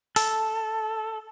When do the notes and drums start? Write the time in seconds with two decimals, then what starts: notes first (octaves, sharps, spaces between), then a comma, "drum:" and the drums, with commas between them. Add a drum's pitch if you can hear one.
0.16 A4, drum: open hi-hat